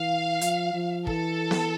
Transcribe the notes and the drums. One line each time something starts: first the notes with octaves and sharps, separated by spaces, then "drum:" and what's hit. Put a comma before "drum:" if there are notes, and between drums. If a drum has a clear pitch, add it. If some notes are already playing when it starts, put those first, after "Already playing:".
Already playing: E3 F5
F3, drum: hi-hat
F3
E3 A4, drum: kick
drum: snare